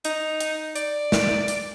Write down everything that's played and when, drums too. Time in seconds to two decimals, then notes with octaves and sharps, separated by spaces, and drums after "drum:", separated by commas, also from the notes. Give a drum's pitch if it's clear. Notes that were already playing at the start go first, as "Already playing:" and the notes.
0.05 D#4, drum: hi-hat
0.40 drum: hi-hat
0.76 D5, drum: hi-hat
1.12 drum: snare
1.48 drum: hi-hat